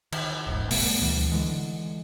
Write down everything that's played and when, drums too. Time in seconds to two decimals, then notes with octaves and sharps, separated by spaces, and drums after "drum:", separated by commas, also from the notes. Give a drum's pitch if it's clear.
0.12 D#3, drum: cymbal
0.47 D#1 A1 G#2
0.70 B2 G3 A3 B3, drum: open hi-hat
1.01 D2 E3 G3
1.32 D3 E3 G#3